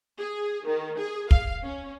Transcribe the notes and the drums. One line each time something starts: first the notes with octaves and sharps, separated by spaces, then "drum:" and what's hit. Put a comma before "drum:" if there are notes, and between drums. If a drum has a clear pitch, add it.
G#4
D#3
G#4
F5, drum: kick
C#4